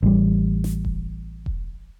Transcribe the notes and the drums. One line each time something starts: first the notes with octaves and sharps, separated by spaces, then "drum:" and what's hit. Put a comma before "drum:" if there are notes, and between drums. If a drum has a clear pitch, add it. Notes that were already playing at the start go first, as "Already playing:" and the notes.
A1 G3
drum: snare
drum: kick E1
drum: kick E1